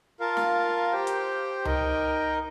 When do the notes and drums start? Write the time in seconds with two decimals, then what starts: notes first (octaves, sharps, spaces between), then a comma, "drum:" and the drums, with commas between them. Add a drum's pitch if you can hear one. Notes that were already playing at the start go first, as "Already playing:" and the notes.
0.20 F4 A#4 F5 A5
0.37 drum: snare
0.92 G4 C5 G5
1.07 drum: hi-hat
1.65 D#4 A#4 D#5 G5, drum: tom C#2